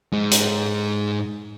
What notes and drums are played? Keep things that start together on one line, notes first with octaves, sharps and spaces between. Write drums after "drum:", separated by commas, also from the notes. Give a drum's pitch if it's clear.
G#2 G#3
drum: hi-hat